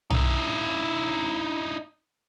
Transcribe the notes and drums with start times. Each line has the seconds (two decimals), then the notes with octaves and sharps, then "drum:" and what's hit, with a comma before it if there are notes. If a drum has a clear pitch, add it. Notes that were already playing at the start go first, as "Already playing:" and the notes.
0.10 D#4 E4, drum: tom